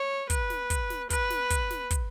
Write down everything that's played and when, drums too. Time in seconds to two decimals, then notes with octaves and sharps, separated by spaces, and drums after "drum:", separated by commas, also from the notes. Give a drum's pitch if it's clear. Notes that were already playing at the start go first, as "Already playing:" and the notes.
Already playing: C#5
0.30 B4, drum: kick, hi-hat
0.50 drum: snare
0.70 drum: kick, hi-hat
0.90 drum: snare
1.10 B4, drum: kick, hi-hat
1.30 drum: snare
1.50 drum: kick, hi-hat
1.70 drum: snare
1.91 drum: kick, hi-hat